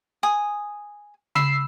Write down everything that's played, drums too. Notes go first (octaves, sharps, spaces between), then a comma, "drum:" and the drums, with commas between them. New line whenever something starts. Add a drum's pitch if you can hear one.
G#5 D#6
B5 E6 C7, drum: tom C#3